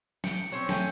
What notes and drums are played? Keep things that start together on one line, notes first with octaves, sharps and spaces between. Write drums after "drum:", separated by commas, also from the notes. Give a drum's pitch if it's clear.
G5 C#7, drum: snare
C4 C#4
A3 G5 G#5, drum: snare